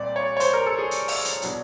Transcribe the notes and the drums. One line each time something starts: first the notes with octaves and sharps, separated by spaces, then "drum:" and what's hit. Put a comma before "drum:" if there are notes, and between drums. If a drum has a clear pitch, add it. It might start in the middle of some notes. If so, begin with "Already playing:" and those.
Already playing: A#2 G3 C4 D5
C#5
C#5
C5, drum: hi-hat
A#4
A4
G#4
drum: hi-hat
drum: open hi-hat
drum: hi-hat
B2 F#3 B3 D4, drum: hi-hat